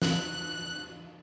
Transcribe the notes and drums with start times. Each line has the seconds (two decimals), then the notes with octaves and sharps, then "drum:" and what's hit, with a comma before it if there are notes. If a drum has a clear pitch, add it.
0.02 F#6, drum: snare